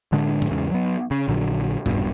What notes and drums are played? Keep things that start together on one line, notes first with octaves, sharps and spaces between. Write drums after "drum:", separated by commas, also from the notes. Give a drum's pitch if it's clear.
A2 D3 G#3 D4
drum: tom G#2
E2 G#2 C#3
F#3 B3
C#3
A#1 A#2 D3 F#3
F1 C2 G2 B2, drum: tom G#2